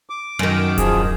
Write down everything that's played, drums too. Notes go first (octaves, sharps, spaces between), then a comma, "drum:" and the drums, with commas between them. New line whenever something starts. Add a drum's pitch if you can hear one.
D6
F#2 D#3
F3 G#4, drum: kick D#1, hi-hat